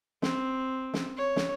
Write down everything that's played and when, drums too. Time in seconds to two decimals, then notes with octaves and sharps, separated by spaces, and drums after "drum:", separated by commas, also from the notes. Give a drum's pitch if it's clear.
0.22 C4, drum: snare
0.94 drum: snare
1.17 C#5
1.36 drum: snare